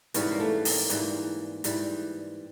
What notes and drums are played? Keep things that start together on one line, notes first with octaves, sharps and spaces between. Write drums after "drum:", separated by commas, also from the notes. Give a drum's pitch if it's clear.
G#2 E3 G3 B3 C#4, drum: hi-hat
A#3
A3 B3
A#3, drum: open hi-hat
G#2 E3 G3, drum: hi-hat
G#2 E3 G3, drum: hi-hat